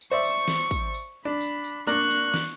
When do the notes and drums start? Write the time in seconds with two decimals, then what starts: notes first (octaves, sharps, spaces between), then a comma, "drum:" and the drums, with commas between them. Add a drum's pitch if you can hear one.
0.01 drum: tambourine
0.11 C5 D5 E5 C#6
0.24 drum: tambourine
0.48 drum: snare
0.71 drum: kick, tambourine
0.94 drum: tambourine
1.25 D4 B5
1.41 drum: tambourine
1.64 drum: tambourine
1.87 A#3 D4 D5 C#6 F#6, drum: tambourine
2.10 drum: tambourine
2.34 drum: snare